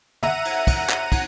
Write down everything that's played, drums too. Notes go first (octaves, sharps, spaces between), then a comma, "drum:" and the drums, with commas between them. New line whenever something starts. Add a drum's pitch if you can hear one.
E5 F#5 A#5 D#7, drum: tom
drum: cymbal
drum: kick, cymbal
drum: clap
drum: kick, cymbal